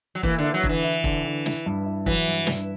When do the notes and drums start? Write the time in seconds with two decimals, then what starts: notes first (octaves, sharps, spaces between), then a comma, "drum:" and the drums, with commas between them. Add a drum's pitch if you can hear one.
0.15 F#3
0.23 E3 A#3, drum: kick
0.38 D3
0.44 E4
0.54 F#3
0.64 D3, drum: kick
0.69 E3
0.84 E4
1.04 D3, drum: kick
1.24 D3
1.46 E4, drum: snare
1.66 G2
1.85 E4
2.06 E3 F#3, drum: kick
2.27 G2
2.47 G2, drum: snare